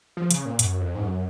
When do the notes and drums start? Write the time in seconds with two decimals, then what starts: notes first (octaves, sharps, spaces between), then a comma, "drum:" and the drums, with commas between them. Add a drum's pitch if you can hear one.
0.17 F3
0.31 C#3, drum: hi-hat
0.45 A#2
0.59 F#2, drum: hi-hat
0.81 F2
0.95 G#2
1.03 F#2